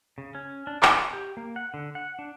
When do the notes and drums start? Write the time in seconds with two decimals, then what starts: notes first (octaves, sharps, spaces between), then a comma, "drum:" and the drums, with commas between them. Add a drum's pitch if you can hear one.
0.18 C#3
0.35 C#4
0.67 D4
0.83 C#6, drum: clap
1.13 G4
1.37 A#3
1.56 F#5
1.74 D3
1.95 F#5
2.19 D4